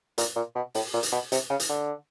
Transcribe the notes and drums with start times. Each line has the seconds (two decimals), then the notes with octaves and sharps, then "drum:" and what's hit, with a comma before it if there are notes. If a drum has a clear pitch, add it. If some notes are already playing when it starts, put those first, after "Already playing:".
0.18 A#2, drum: hi-hat
0.36 A#2
0.55 B2
0.74 A2, drum: open hi-hat
0.93 A#2
1.03 drum: hi-hat
1.12 B2
1.32 C3, drum: hi-hat
1.50 C#3
1.60 drum: hi-hat
1.69 D3